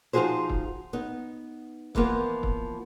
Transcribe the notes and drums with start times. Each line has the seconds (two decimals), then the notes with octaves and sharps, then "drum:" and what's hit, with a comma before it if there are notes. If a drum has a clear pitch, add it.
0.13 F3 D#4 F4 F#4 G#4 C5
0.50 drum: kick
0.93 B3 D#4
1.95 E3 F3 A#3 B3, drum: kick
2.43 drum: kick